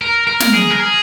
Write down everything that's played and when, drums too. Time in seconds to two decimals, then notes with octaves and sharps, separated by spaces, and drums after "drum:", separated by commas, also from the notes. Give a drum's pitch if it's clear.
0.02 A#4
0.27 A#4
0.40 drum: snare
0.53 G#4
0.71 A#4
0.80 G#4